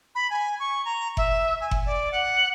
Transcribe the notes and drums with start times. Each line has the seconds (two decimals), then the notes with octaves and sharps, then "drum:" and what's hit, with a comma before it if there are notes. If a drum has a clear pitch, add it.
0.15 B5
0.30 G#5
0.59 C#6
0.85 A#5
1.17 E5, drum: kick F#1
1.61 G#5
1.71 drum: kick F#1
1.85 D5
2.12 F#5